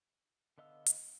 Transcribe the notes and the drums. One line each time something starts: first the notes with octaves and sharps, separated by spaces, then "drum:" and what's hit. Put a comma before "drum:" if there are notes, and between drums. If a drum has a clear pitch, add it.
D3 B3 D#5 F5 E6
drum: hi-hat